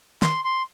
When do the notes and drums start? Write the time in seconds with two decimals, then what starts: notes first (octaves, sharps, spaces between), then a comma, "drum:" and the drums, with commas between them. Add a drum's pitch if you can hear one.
0.22 C6, drum: snare
0.44 C6